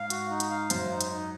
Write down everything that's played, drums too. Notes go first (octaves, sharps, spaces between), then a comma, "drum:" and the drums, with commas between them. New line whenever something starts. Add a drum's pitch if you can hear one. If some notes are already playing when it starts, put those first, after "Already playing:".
Already playing: G#2 F5
F#4, drum: hi-hat
D#4
drum: hi-hat
F5
F#2 C5, drum: hi-hat
D#4
drum: hi-hat
D#4